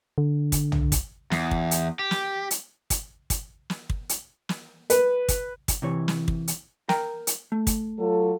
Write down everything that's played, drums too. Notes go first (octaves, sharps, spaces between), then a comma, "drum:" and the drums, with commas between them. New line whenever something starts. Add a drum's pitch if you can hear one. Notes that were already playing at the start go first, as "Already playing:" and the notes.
D3
drum: kick, hi-hat
drum: tom
drum: kick, hi-hat
E2, drum: snare
drum: kick
drum: hi-hat
G4
drum: snare
drum: hi-hat
drum: kick, hi-hat
drum: kick, hi-hat
drum: snare
drum: kick
drum: hi-hat
drum: snare
B4, drum: hi-hat
drum: kick, hi-hat
drum: kick, hi-hat
C3 E3 C#5
drum: snare
drum: kick
drum: hi-hat
A#4 G5 A#5, drum: snare
drum: hi-hat
A3
drum: kick, hi-hat
F#3 F4 A4